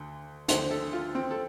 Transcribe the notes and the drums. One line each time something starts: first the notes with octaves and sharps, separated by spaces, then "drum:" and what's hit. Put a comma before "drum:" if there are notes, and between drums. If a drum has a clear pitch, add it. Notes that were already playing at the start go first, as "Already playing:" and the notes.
Already playing: D2 D3
D2 D3 C5, drum: hi-hat
A4
F4
C4
A4